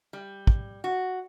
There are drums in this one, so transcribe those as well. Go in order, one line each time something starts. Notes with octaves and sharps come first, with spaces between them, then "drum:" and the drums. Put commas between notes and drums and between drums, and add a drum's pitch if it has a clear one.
G3
drum: kick
F#4